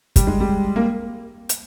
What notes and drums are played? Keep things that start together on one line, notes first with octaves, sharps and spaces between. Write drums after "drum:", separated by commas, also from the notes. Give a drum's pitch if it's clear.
G3, drum: kick, hi-hat
G#3
G3
A#3
drum: hi-hat